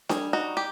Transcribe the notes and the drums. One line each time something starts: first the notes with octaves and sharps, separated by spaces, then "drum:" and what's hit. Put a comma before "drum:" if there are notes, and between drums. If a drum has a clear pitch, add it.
G3 G#4, drum: snare D4
D#4 F#4
G4